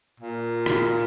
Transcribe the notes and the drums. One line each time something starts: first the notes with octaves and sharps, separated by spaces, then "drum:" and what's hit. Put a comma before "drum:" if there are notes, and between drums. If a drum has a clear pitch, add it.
A#2
drum: rim click